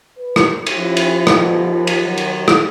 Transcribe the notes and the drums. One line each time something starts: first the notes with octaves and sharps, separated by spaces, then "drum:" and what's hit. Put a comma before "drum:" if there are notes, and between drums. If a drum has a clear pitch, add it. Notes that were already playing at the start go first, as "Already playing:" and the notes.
B4
drum: rim click
drum: cymbal
F3 C#4 E4
drum: cymbal
D2 B2, drum: rim click
D#2
drum: cymbal
D#3 F#3
drum: cymbal
drum: rim click